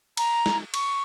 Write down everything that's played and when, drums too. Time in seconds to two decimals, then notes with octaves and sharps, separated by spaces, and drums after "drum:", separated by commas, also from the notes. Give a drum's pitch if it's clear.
0.17 A#5, drum: cymbal
0.46 drum: snare
0.74 C#6, drum: cymbal